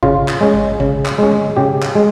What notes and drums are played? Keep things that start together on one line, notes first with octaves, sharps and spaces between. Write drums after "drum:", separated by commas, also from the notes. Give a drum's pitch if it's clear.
C#3 F4, drum: kick
drum: clap
G#3 C#4
drum: kick
C#3, drum: kick
drum: clap
G#3 C#4
drum: tom
C#3 G4
drum: clap
G#3